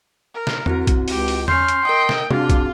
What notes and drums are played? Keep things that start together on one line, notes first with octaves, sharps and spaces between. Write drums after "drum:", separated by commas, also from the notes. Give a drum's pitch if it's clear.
A#4
drum: snare
C4 E4 F#4, drum: tom E2
drum: kick, hi-hat
C#2 G4, drum: open hi-hat
drum: open hi-hat
C#4 C6 F6 G6, drum: tom E2
drum: hi-hat
A#4 D#5 G5 D#6
drum: snare
C4 D4 F4 F#4 G#4, drum: tom C3
drum: kick, hi-hat